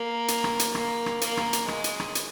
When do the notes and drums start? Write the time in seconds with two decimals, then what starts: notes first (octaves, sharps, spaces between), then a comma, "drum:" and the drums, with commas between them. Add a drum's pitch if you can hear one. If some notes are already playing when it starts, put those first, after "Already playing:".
Already playing: A#3
0.28 drum: hi-hat
0.44 drum: rim click
0.59 drum: hi-hat
0.75 A#3, drum: rim click
1.06 drum: rim click
1.21 A#3, drum: hi-hat
1.37 drum: rim click
1.53 drum: hi-hat
1.68 G#3, drum: rim click
1.84 drum: hi-hat
2.00 drum: rim click
2.15 drum: hi-hat